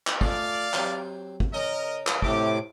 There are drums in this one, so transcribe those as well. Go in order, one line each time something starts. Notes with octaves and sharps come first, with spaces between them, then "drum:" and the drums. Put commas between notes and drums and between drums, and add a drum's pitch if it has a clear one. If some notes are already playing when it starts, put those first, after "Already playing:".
drum: clap
A3 F4 G#4 D5 F5, drum: kick
F#3 C4 G4, drum: clap
drum: kick
C#3 C#4 A#4 D#5 A#5
drum: clap
A2 C3 A3 G4 D6, drum: kick